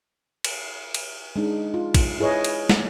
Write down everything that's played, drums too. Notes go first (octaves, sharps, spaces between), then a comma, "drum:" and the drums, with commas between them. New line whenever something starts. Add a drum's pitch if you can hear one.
drum: cymbal
drum: cymbal
G#3 D4 D#4
F4
drum: kick, cymbal
E4 G#4 B4 C#5 D#5
drum: cymbal
drum: snare